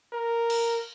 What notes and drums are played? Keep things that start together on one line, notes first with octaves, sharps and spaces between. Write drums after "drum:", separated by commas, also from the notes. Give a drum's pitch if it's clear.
A#4
drum: cymbal